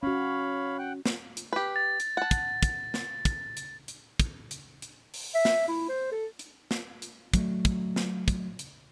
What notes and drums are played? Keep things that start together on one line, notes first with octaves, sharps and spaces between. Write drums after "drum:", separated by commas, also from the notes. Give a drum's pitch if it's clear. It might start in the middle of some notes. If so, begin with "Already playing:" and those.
C#4 F#4 C#5 F5 B5
F#5 G5 F#6
drum: snare
drum: hi-hat
G4 B4
A6
drum: hi-hat
F#5 A5
drum: kick, hi-hat
drum: kick, hi-hat
drum: snare
drum: kick, hi-hat
drum: hi-hat
drum: hi-hat
drum: kick, hi-hat
drum: hi-hat
drum: hi-hat
drum: open hi-hat
E5
drum: snare
E4
C5
A4
drum: hi-hat
drum: snare
drum: hi-hat
F#3 A3, drum: kick, hi-hat
drum: kick, hi-hat
drum: snare
drum: kick, hi-hat
drum: hi-hat